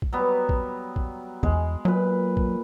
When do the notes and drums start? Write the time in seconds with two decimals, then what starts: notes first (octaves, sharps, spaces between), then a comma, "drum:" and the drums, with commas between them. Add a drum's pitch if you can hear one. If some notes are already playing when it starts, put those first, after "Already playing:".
0.02 drum: kick
0.13 F#3 G3 B3
0.49 drum: kick
0.96 drum: kick
1.43 E2 G#3, drum: kick
1.85 A#2 F#3 B4
2.37 drum: kick